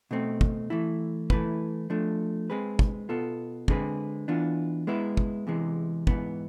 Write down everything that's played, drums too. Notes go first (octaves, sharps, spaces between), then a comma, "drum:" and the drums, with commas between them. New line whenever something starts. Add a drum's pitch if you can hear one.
B2 A3 C4
drum: kick
E3 A3 E4
E3 A3 E4 B4, drum: kick
F3 A3 D4
G#3 C4 G#4 B4
drum: kick
B2 B3 F4 A4
D3 G#3 C4 G#4 B4, drum: kick
E3 B3 D4 F4
G#3 B3 E4 B4
drum: kick
E2 C3 E3 G#3
G#2 E3 B3, drum: kick